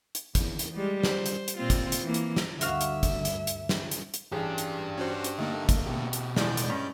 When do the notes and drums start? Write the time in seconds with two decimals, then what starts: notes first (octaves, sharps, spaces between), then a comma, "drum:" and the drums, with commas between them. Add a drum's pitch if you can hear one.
0.15 drum: hi-hat
0.35 E2, drum: kick, hi-hat
0.59 drum: hi-hat
0.74 G3 G#3
1.03 C5, drum: snare
1.26 drum: hi-hat
1.48 drum: hi-hat
1.57 A#2 C4 F4
1.70 drum: kick, hi-hat
1.92 drum: hi-hat
2.02 E3 A#3
2.14 drum: hi-hat
2.36 drum: snare
2.61 D2 G2 D3 F#4 E5 F5, drum: hi-hat
2.81 drum: hi-hat
3.03 drum: kick, hi-hat
3.25 drum: hi-hat
3.47 drum: hi-hat
3.69 drum: snare
3.91 drum: hi-hat
4.14 drum: hi-hat
4.32 A1 D4 G4 G#4
4.58 drum: hi-hat
4.98 C#4 F#4 C5
5.24 drum: hi-hat
5.39 D3 A3 A#3 D#4
5.69 drum: kick, hi-hat
5.87 B2 G4
6.13 drum: hi-hat
6.36 E2 A2 G#3 D5 G6, drum: snare
6.57 drum: hi-hat
6.69 G2 C#4